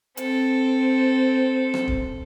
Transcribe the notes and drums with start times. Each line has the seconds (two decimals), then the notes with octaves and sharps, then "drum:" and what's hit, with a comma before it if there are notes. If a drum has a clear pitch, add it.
0.17 C4 A4, drum: hi-hat
1.74 drum: rim click
1.88 drum: kick